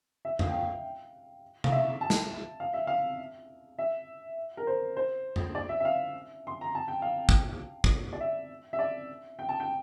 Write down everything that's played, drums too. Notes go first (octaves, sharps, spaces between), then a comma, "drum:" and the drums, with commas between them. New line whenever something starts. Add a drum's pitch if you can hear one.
E5
F5, drum: tom F2
G5
F5
F5, drum: tom C3
E5
A5
drum: snare
F5
E5
F5
E5
A#4
C5
C5
drum: tom F2
D5
E5
E5
F5
C6
A#5
A5
G5
F5
drum: kick
drum: kick
D5
E5
E5
D5
G5
A5
G5